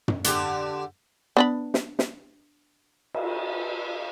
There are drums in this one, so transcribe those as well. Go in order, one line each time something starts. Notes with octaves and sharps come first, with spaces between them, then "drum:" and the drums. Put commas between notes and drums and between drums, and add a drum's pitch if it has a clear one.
drum: tom
D3 G4, drum: hi-hat
B3 D4 B5
drum: snare
drum: snare
drum: cymbal